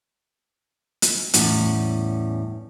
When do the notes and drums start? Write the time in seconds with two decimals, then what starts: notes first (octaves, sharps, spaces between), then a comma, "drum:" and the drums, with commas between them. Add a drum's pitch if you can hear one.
1.02 drum: hi-hat
1.34 E2 A2 G3 C#4 F#5, drum: hi-hat